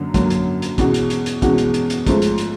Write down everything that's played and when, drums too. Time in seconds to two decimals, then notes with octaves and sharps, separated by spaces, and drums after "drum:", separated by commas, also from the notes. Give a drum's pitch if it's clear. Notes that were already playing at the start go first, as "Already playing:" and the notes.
Already playing: F#2 D3 F#3 A#3
0.14 F#2 D3 F#3 A#3, drum: kick, hi-hat
0.30 drum: hi-hat
0.62 drum: hi-hat
0.78 E2 B2 G#3 C#4 F#4, drum: kick, hi-hat
0.94 drum: hi-hat
1.10 drum: hi-hat
1.26 drum: hi-hat
1.42 E2 B2 G#3 C#4 F#4, drum: kick, hi-hat
1.58 drum: hi-hat
1.74 drum: hi-hat
1.90 drum: hi-hat
2.07 G#2 F3 A3 C#4, drum: kick, hi-hat
2.22 drum: hi-hat
2.38 drum: hi-hat